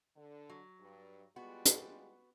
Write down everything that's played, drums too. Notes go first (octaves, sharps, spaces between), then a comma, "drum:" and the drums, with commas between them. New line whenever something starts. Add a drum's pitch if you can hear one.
D3
F#3
G2
G3 G#3 B3 F4 F#4
drum: hi-hat